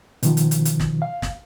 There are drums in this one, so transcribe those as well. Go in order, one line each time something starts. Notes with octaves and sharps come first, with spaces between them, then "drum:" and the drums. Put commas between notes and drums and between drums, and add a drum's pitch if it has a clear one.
B2 D#3 F3, drum: hi-hat
drum: hi-hat
drum: hi-hat
drum: hi-hat
drum: snare
F5
drum: snare